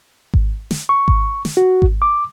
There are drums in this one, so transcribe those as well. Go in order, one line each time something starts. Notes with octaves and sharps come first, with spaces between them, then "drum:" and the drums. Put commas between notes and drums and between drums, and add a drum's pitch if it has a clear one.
drum: kick G#1
drum: snare
C#6
drum: kick G#1
drum: snare
F#4
drum: kick G#1
D6